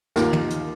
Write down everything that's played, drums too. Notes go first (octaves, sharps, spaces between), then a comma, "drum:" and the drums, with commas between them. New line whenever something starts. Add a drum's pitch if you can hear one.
D#2 D#3 A#3 F4 A#4, drum: snare
drum: tom
drum: hi-hat